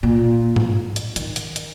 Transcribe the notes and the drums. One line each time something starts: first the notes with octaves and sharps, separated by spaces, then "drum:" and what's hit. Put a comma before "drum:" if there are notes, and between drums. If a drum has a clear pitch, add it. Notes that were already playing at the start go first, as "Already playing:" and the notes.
A#2
drum: tom G#2
drum: hi-hat
D#3, drum: hi-hat
drum: hi-hat
drum: hi-hat